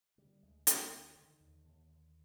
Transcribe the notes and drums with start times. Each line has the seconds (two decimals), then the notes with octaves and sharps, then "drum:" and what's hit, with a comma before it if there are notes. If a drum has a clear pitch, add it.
0.18 D3 G3
0.43 D2 G#3
0.67 D2 G3, drum: hi-hat
0.91 D3
1.15 D3 D#3
1.40 D#2
1.64 D#2
1.89 D3